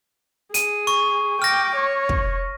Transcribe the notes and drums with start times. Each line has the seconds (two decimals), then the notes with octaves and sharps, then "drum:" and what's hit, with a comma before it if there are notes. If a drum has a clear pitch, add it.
0.54 G#4 D#7, drum: hi-hat
0.87 C#6
1.42 G5 D6 F6 A#6
1.76 C#5
2.09 drum: kick